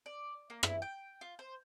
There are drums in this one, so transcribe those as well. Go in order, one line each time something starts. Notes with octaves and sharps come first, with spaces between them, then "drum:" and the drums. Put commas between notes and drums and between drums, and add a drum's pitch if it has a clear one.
D5
A#3
E4, drum: rim click
G5
F4
C5